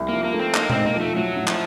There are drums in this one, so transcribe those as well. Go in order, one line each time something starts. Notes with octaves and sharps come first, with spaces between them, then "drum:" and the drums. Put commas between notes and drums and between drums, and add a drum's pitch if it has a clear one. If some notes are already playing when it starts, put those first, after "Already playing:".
Already playing: C2
F3 A#3
A#3
A3
C4
A#3 D#4, drum: clap
C4, drum: tom B2
D#4
A#3
F3 A3
A2 F#3
A2
F3, drum: clap